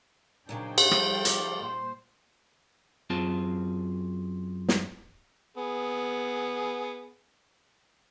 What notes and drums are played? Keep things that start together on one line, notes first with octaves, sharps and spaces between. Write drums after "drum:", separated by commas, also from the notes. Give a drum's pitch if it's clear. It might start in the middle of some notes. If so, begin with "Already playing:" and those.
A#2 C#3 F#3 D4 D#4 G#4 C5 G5
drum: cymbal
C#3 F3 G3 A4, drum: rim click
D6, drum: hi-hat
A#2 G3 C5 C6
F#2 C4 F4 G#4 A5
drum: snare
B3 G#4